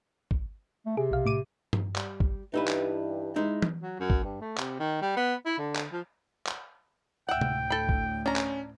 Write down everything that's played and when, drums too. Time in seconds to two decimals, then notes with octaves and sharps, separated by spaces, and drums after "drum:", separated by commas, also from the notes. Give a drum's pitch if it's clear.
0.31 drum: kick
0.86 A3
0.97 C3 G#4
1.11 B1 F5
1.26 A2 D6 D#7
1.73 drum: tom G2
1.96 G3, drum: clap
2.20 drum: kick
2.54 G2 E3 D#4 E4 B4
2.68 drum: clap
3.36 G#3 D#4 E4
3.62 drum: tom
3.82 F#3
4.00 F#2
4.10 drum: kick
4.24 G2
4.41 A3
4.58 C3, drum: clap
4.80 D#3
5.02 G3
5.16 B3
5.45 E4
5.58 D3
5.76 drum: clap
5.92 F3
6.47 drum: clap
7.29 D2 A2 E5 F#5 G5
7.41 drum: tom C3
7.70 A4 B5
7.89 drum: kick
8.26 C#4 D4 A#5
8.36 drum: clap